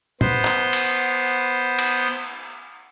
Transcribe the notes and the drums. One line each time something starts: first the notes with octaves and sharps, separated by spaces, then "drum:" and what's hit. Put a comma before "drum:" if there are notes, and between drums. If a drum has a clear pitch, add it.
B3 C5, drum: tom
drum: clap
drum: cymbal
drum: cymbal